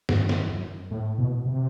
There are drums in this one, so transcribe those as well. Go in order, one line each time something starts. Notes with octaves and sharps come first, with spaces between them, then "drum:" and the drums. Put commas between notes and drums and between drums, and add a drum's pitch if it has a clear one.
G2, drum: snare
drum: snare
F#2
A2
B2
C3